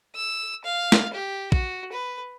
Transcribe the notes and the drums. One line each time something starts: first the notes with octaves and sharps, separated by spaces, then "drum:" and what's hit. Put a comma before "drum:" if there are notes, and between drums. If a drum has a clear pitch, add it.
E6
F5
drum: snare
G4
F#4, drum: kick
B4